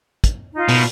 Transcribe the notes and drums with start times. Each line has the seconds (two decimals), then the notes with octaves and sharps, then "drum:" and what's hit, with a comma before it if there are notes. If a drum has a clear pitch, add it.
0.24 drum: kick, hi-hat
0.54 D#4 F4
0.69 B2, drum: open hi-hat